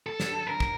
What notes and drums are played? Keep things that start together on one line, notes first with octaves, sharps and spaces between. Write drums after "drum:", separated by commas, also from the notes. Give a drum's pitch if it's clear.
A4
drum: snare
A#4
drum: kick